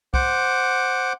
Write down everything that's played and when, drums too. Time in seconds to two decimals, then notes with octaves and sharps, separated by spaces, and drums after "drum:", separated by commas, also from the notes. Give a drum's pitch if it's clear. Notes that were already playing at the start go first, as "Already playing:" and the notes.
0.14 C5 F#5 D6, drum: kick